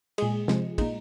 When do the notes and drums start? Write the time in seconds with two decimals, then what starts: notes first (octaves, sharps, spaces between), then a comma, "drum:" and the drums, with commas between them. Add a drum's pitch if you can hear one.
0.18 A#2 G#3 G#4, drum: cymbal
0.48 C3 F3 G#3, drum: snare
0.78 A#2 G#3 D#4, drum: kick, cymbal